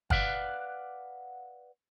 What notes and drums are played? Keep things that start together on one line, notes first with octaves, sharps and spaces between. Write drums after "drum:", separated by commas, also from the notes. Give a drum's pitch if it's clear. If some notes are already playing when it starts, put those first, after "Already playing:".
B4 D5 F5 F#5, drum: kick